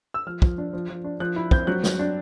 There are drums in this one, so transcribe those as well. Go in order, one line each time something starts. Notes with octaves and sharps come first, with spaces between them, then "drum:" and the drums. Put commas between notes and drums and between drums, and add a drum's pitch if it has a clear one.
E6
F3 F6
F3, drum: kick
D4
F3
F3
D4
F3 F#6
E4
C4 G6, drum: kick
F#3 F#6
F#3, drum: snare
D4